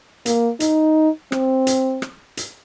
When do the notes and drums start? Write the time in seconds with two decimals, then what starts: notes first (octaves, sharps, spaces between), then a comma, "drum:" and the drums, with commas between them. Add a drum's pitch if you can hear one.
0.26 A#3, drum: hi-hat
0.60 D#4, drum: hi-hat
1.32 C4, drum: rim click
1.67 drum: hi-hat
2.02 drum: rim click
2.37 drum: hi-hat